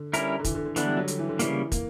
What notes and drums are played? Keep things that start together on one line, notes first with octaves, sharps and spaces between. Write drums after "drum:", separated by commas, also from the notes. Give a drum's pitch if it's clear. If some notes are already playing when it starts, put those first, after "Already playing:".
Already playing: D3
G3 C#4 E4 A#4, drum: hi-hat
D3
E3, drum: kick, hi-hat
D3
D3
D3 E3 B3 D4, drum: hi-hat
G3
F#3
D3, drum: hi-hat
E3
D3
C#3 E3 G3 A#3, drum: hi-hat
A#3, drum: kick, hi-hat